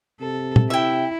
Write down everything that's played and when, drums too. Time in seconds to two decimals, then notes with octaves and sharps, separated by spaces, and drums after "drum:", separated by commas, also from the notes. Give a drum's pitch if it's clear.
0.21 C3 A4
0.56 drum: tom A#2
0.70 E4 E5 G5